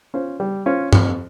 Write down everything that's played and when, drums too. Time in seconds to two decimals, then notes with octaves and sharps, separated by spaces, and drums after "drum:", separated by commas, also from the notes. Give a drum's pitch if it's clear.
0.14 C#4 F4 C5
0.40 G3
0.66 C#4 F4 C5
0.93 F2, drum: tom G2